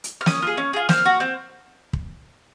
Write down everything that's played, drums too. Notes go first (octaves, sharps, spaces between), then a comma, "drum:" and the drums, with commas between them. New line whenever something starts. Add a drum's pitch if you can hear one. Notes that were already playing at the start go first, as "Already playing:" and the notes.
drum: hi-hat
F6
C#4 D#6, drum: snare
F4 G#4
C#4
F4 G#4
C4 F6, drum: snare
F#4
C4
drum: kick